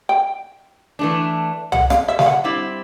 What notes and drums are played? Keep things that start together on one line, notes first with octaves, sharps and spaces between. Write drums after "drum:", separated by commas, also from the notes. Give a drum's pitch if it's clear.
G5
E3 A3 D4
F#5, drum: tom
F5, drum: rim click
E5
F5, drum: snare
F#5
G3 C4 E4